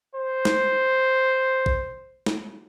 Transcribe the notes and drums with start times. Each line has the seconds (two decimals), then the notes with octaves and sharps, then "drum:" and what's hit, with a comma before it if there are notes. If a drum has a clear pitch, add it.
0.15 C5
0.45 drum: snare
1.66 drum: kick
2.26 drum: snare